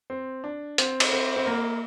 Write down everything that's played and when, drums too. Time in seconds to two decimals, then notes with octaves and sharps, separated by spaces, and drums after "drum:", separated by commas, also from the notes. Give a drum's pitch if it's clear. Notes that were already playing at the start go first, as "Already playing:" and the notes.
0.10 C4
0.44 D4
0.78 C4, drum: hi-hat
1.00 drum: cymbal
1.13 C4
1.36 C4
1.46 A#3